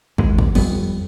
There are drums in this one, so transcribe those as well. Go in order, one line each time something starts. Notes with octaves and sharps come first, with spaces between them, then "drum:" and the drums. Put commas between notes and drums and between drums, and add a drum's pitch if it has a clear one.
D#2 G#3, drum: kick
drum: kick
F2 G3 B3, drum: cymbal